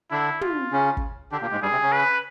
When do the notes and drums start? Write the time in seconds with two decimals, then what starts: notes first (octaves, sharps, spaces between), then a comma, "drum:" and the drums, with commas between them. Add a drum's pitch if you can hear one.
0.11 D3 D4 E4
0.41 F4, drum: tom
0.71 C#3 C#4
0.97 drum: kick
1.32 D3 D4 G4
1.42 A#2 A#3
1.52 G#2 G#3
1.62 G2 G3 G#4
1.72 C3 C4
1.82 C#3 C#4
1.92 B4